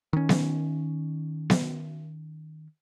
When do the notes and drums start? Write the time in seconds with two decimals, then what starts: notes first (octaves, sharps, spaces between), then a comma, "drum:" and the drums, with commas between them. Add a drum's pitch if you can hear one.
0.13 D#3 C#4
0.29 drum: snare B3
1.50 drum: snare B3